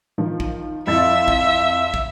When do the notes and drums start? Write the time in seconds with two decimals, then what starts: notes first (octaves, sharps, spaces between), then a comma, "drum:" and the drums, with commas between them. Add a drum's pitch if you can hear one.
0.18 D#3 F3
0.40 drum: kick
0.87 F2 C4 E4 E5 F5 A6
1.28 drum: kick
1.94 drum: kick